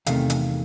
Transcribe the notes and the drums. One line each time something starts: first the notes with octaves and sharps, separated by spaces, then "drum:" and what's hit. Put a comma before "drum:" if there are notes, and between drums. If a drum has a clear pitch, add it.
E2 C3 D#3 A3 F5, drum: hi-hat
drum: hi-hat